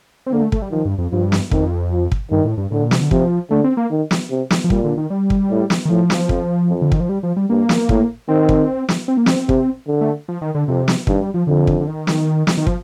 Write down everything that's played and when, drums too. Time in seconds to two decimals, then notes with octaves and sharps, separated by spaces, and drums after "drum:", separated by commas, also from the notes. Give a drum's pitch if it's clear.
0.26 C4
0.32 D3 A#3
0.42 A3
0.52 A3, drum: kick
0.62 G3
0.72 D#3 F3
0.85 G2
0.98 F2
1.11 G2 F3
1.32 drum: snare
1.51 F2 D#3, drum: kick
1.92 F3
2.12 drum: kick
2.31 G2 D#3
2.45 A2
2.57 G2
2.72 A2 D3
2.81 A#2
2.91 C3, drum: snare
3.02 D3
3.11 C3 F3, drum: kick
3.50 D3 A3
3.64 C4
3.77 A#3
3.90 D#3
4.11 drum: snare
4.30 C3
4.51 drum: snare
4.64 F3
4.70 A#2 G3, drum: kick
4.84 D3
4.97 D#3
5.10 G3
5.30 drum: kick
5.51 A2
5.70 drum: snare
5.85 D#3
5.89 A2 F3
6.10 drum: snare
6.29 F2, drum: kick
6.69 F2
6.82 D3
6.92 D#3, drum: kick
7.00 F3
7.09 G3
7.23 F3
7.36 G3
7.50 G2 A#3
7.69 drum: snare
7.89 A2, drum: kick
8.28 D#3 C4
8.49 drum: kick
8.89 drum: snare
9.08 C4
9.17 A#3
9.26 C4, drum: snare
9.49 C3, drum: kick
9.88 D3
10.01 A3
10.29 F3
10.42 D#3
10.55 D3
10.68 F2 C3
10.88 drum: snare
11.07 G2 D#3, drum: kick
11.21 G3
11.34 F3
11.47 F2 D3
11.67 drum: kick
11.80 D3
11.88 D#3
12.07 drum: snare
12.47 drum: snare
12.57 D#3
12.67 F3, drum: kick